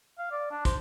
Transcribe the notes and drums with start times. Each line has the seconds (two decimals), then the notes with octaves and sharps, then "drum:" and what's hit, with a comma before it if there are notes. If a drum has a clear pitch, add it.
0.19 F5
0.31 D5
0.51 D4
0.65 C5, drum: kick, hi-hat